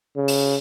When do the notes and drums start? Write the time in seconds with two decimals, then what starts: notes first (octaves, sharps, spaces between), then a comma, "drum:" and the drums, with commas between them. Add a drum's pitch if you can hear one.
0.17 C#3
0.28 drum: open hi-hat